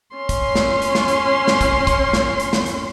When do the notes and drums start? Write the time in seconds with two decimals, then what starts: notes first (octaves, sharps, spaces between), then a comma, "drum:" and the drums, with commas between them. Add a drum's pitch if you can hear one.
0.16 C#4 C6
0.29 drum: kick, hi-hat
0.55 drum: snare
0.82 drum: hi-hat
0.95 drum: snare
1.08 drum: hi-hat
1.48 drum: snare
1.61 drum: kick, hi-hat
1.87 drum: kick, hi-hat
2.13 drum: snare
2.40 drum: hi-hat
2.53 drum: snare
2.66 drum: hi-hat